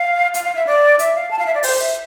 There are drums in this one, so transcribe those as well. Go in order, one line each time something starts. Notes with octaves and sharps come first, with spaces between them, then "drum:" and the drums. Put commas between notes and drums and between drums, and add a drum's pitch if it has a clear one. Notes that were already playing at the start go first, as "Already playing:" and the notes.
Already playing: F5
F5, drum: hi-hat
F5
E5
D5
E5, drum: hi-hat
F5
A5
F5
E5
D5
C5, drum: open hi-hat
E5